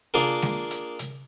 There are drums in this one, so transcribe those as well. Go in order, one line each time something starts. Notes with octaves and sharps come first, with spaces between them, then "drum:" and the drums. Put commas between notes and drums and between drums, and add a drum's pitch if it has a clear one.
A#3 D4 F4 G#4 A#4
drum: snare G#3
drum: hi-hat
drum: hi-hat